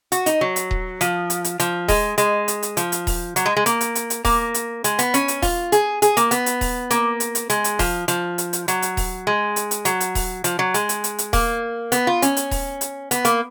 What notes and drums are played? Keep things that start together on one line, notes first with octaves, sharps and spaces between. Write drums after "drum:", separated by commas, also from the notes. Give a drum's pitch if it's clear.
F#4, drum: hi-hat
D#4, drum: hi-hat
F#3
drum: hi-hat
drum: kick D#1
F3, drum: hi-hat
drum: hi-hat
drum: hi-hat
F3, drum: hi-hat
G#3, drum: kick D#1, open hi-hat
G#3, drum: hi-hat
drum: hi-hat
drum: hi-hat
F3, drum: hi-hat
drum: hi-hat
drum: kick D#1, open hi-hat
F#3, drum: hi-hat
G#3
G#3
A#3, drum: hi-hat
drum: hi-hat
drum: hi-hat
drum: hi-hat
A#3, drum: kick D#1, open hi-hat
drum: hi-hat
G#3, drum: hi-hat
B3, drum: hi-hat
C#4, drum: hi-hat
drum: hi-hat
F4, drum: kick D#1, open hi-hat
G#4, drum: hi-hat
G#4, drum: hi-hat
A#3, drum: hi-hat
B3, drum: hi-hat
drum: hi-hat
drum: kick D#1, open hi-hat
A#3, drum: hi-hat
drum: hi-hat
drum: hi-hat
G#3, drum: hi-hat
drum: hi-hat
F3, drum: kick D#1, open hi-hat
F3, drum: hi-hat
drum: hi-hat
drum: hi-hat
F#3, drum: hi-hat
drum: hi-hat
drum: kick D#1, open hi-hat
G#3
drum: hi-hat
drum: hi-hat
F#3, drum: hi-hat
drum: hi-hat
drum: kick D#1, open hi-hat
F3, drum: hi-hat
F#3
G#3, drum: hi-hat
drum: hi-hat
drum: hi-hat
drum: hi-hat
A#3, drum: kick D#1, open hi-hat
B3, drum: hi-hat
F4
C#4, drum: hi-hat
drum: hi-hat
drum: kick D#1, open hi-hat
drum: hi-hat
B3, drum: hi-hat
A#3, drum: hi-hat